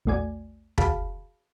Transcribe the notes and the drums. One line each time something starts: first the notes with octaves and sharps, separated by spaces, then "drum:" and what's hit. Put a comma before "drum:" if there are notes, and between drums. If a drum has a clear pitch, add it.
A#1 E2 A3 F#4 D5 G#5
F#4 G#4 F5 A5 B5, drum: kick